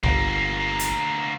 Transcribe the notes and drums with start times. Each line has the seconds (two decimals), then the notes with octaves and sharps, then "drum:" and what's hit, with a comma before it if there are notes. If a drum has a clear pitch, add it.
0.03 G1 D2 A#3, drum: tom C2
0.79 drum: hi-hat